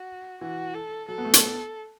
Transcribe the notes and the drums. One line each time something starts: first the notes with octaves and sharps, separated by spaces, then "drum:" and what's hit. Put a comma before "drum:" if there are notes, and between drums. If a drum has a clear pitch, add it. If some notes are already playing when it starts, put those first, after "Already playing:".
Already playing: F#4
E3 F#4
A4
F#3 A4
B3
A3
B3, drum: hi-hat